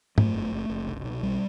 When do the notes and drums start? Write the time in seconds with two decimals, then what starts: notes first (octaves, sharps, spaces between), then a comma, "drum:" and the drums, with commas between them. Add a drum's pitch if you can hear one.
0.18 F#2 A3, drum: tom G#2
0.34 G1
0.52 F#1
0.70 F#1
0.87 C2
1.05 B2
1.22 B1 G3